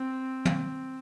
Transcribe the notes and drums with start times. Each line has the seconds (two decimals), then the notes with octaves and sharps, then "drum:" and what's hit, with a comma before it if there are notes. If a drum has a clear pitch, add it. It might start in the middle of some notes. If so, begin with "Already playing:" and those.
Already playing: C4
0.45 drum: tom